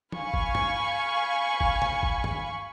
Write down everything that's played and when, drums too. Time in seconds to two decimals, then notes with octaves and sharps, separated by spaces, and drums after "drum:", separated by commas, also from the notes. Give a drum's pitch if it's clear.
0.12 F5 G#5 B5 C#6, drum: tom F3
0.34 drum: kick G1
0.55 drum: tom G2
1.61 drum: kick G1
1.82 drum: tom
2.03 drum: kick G1
2.24 drum: tom G2